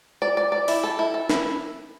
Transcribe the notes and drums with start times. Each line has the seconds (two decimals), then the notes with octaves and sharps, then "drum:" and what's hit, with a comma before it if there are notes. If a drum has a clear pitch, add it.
0.22 D5
0.37 D5
0.52 D5
0.68 E4, drum: open hi-hat
0.83 A4
0.99 E4
1.14 A4
1.30 E4, drum: snare